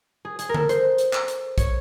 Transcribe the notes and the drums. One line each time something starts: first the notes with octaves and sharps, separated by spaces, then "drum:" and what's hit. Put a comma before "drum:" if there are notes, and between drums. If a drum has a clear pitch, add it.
G#4
G#4, drum: hi-hat
A#4
A4, drum: tom D3
C5, drum: hi-hat
drum: hi-hat
drum: clap
drum: hi-hat
C#5, drum: kick, hi-hat